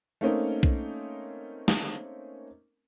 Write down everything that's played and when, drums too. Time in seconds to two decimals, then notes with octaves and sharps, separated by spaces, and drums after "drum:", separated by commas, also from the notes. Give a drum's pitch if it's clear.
0.21 A3 A#3 C4 C#4 D#4 A#4
0.63 drum: kick B1
1.68 drum: snare